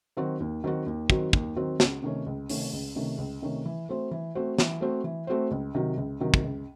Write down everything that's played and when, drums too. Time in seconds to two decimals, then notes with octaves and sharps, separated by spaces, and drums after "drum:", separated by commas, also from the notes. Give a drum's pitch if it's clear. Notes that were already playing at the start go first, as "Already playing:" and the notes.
0.17 D#3 F#3 C4 F#4
0.40 D#2
0.64 D#3 F#3 C4 F#4
0.86 D#2
1.10 D#3 F#3 C4 F#4, drum: kick
1.33 D#2, drum: kick
1.56 D#3 F#3 C4 F#4
1.80 C#2, drum: snare
2.03 C3 D#3 A3 C#4
2.26 C#2
2.49 C3 D#3 A3 C#4, drum: open hi-hat
2.73 C#2
2.96 C3 D#3 A3 C#4
3.18 C#2
3.42 C3 D#3 A3 C#4
3.66 E3
3.89 A3 C4 F#4 C5
4.11 E3
4.35 A3 C4 F#4 C5
4.58 E3, drum: snare
4.81 A3 C4 F#4 C5
5.04 E3
5.27 A3 C4 F#4 C5
5.51 C#2
5.75 C3 D#3 F#3
5.97 C#2
6.20 C3 D#3 F#3
6.34 drum: kick
6.43 C#2